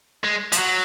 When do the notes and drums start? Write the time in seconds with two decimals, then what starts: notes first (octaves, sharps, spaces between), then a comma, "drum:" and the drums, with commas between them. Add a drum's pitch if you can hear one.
0.24 G#3
0.52 F3, drum: hi-hat
0.58 F#3